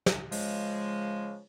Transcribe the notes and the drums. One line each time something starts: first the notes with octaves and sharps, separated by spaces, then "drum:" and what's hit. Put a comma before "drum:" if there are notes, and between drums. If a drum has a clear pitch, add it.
drum: snare
C#3 F3 G#3, drum: open hi-hat